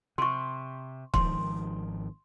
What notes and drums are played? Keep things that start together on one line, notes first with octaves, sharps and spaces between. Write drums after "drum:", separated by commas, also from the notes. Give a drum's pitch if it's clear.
C3 C6 C#6
G#1 D#3 F3 C6, drum: kick